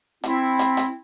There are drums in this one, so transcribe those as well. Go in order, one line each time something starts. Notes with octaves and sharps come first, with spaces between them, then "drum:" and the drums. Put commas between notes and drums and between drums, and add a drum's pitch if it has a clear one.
C4 E4, drum: hi-hat
drum: hi-hat
drum: hi-hat